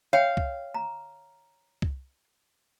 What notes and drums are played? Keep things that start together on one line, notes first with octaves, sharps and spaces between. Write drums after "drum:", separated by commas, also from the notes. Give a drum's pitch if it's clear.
C#5 F5 G5
drum: kick C2
A#5
drum: kick C2